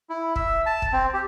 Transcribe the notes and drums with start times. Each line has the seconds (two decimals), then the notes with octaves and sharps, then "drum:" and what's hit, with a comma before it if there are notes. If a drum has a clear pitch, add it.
0.09 E4
0.36 E5, drum: kick
0.66 A5
0.82 drum: kick
0.93 C4
1.14 G4